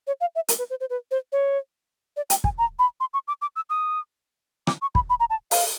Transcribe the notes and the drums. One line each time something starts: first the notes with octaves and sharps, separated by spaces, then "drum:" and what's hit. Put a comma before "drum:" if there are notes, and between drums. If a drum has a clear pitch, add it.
C#5
F5
E5
A#4, drum: hi-hat
B4
C5
C5
B4
C5
C#5
D5
G5, drum: hi-hat
G#5, drum: kick
A#5
B5
C6
C#6
D6
D6
E6
D#6
D6, drum: rim click
C#6
B5, drum: kick
B5
A#5
A5
F5, drum: open hi-hat